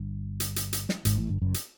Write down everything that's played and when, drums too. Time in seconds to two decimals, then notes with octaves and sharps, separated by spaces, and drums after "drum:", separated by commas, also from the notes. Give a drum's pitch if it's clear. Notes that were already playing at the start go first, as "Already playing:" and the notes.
Already playing: G1 G2
0.40 drum: hi-hat
0.56 drum: hi-hat
0.73 drum: hi-hat
0.89 drum: snare
1.05 G#1 G#2, drum: hi-hat
1.17 A1 A2
1.29 G1 G2
1.41 F#1 F#2
1.54 drum: hi-hat